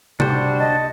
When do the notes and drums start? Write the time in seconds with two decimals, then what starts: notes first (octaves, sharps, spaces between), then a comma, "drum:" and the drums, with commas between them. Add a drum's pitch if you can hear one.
0.20 G3 D4 F#4 C5, drum: tom C3
0.59 D#5 A5